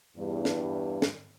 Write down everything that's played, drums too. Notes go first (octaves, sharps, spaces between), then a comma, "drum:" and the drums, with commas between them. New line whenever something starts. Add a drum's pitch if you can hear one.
E2 G2
drum: snare
drum: snare